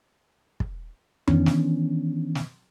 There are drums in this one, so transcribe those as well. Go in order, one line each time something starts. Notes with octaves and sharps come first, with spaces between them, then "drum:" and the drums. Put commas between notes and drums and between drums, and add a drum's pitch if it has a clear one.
drum: kick
D#3 E3 B3 C#4 D4, drum: tom F2
drum: snare
drum: snare